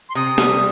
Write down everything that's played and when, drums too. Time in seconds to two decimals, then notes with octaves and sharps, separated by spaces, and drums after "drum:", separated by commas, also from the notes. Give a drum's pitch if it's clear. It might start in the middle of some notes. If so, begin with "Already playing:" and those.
0.09 C6
0.15 C3 D#6
0.38 G3, drum: snare